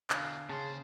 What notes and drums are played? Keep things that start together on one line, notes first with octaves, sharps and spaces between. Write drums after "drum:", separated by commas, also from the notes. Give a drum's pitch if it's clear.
E2 B2 D3 F5 F#6, drum: clap
D#2 C#3 G#4 C5 G#5 A5